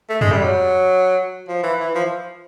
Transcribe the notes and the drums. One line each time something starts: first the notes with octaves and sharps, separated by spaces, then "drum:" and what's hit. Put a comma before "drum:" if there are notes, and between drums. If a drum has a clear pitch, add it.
A3
G#3, drum: tom F2
G3
F#3
F3
E3
E3
F3